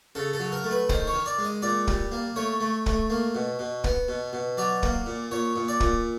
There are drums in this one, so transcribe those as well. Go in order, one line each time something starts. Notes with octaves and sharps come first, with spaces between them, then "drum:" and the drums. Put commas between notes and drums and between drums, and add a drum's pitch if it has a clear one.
C#3 A4
A4
F#3
A#4
A3
B4
D#3 C5, drum: kick
C#5
D#3
D5
G#3
D#5
A#2 D5
G3, drum: kick
A#3
A3 C#5
A3
A3, drum: kick
A#3
B2
B2
B3, drum: kick
B2
B2
F#3 D5
A#3, drum: kick
A#2
A#2 C#5
A#2
D5
A#2, drum: kick